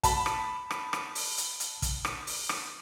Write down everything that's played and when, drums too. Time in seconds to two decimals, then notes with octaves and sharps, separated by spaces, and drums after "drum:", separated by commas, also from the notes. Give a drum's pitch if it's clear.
0.03 A5 B5, drum: kick, hi-hat
0.26 drum: rim click
0.71 drum: rim click
0.93 drum: rim click
1.15 drum: open hi-hat
1.38 drum: hi-hat
1.60 drum: hi-hat
1.82 drum: kick, hi-hat
2.05 drum: rim click
2.27 drum: open hi-hat
2.49 drum: rim click